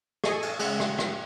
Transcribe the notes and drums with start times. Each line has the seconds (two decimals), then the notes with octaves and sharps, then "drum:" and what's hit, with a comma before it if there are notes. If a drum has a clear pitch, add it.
0.24 G#4 A4 D#5 G#5 C#6, drum: rim click
0.42 drum: cymbal
0.59 C#3 G#3 E5 F#5, drum: cymbal
0.80 drum: rim click
0.99 drum: rim click